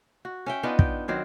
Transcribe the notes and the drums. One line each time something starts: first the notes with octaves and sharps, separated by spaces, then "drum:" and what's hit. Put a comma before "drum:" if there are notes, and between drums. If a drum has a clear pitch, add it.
F#4
C#4 E5 G5
B3 D4 D#4 F4
G5, drum: kick
D#3 F#3 C4 D4